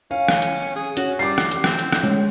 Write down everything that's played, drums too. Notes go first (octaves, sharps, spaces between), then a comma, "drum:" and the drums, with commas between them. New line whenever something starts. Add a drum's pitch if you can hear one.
C#4 F5
drum: rim click
drum: hi-hat
G#4
C#4 F#4, drum: hi-hat
G3 D6 C7
drum: rim click
drum: hi-hat
C4, drum: rim click
drum: hi-hat
drum: rim click
G#3 C#4